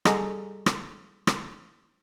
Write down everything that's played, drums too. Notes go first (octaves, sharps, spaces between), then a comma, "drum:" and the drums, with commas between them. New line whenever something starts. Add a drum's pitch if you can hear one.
G3 G#4 A4 D#5 F#5 A#5, drum: rim click
drum: rim click
drum: rim click